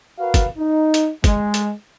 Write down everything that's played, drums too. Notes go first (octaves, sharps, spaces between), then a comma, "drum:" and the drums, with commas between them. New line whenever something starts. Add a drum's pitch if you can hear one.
F#4 A#4 B4 F5
drum: kick, hi-hat
D#4
drum: hi-hat
G#3, drum: kick, hi-hat
drum: hi-hat